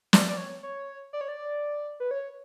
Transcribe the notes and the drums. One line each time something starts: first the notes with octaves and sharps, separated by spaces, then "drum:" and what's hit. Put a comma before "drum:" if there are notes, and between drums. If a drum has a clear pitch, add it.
D5, drum: snare
D5
C#5
C#5
D5
C#5
D5
B4
C#5